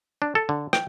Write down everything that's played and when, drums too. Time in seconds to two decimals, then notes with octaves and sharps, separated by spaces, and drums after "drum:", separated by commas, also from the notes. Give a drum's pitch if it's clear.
0.22 D4
0.35 A4
0.49 D3
0.73 G5, drum: rim click